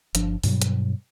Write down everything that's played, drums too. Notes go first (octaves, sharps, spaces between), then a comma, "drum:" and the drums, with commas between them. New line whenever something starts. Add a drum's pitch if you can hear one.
G1 F3 D4, drum: hi-hat
G2 B2 F#3 G3, drum: open hi-hat
drum: hi-hat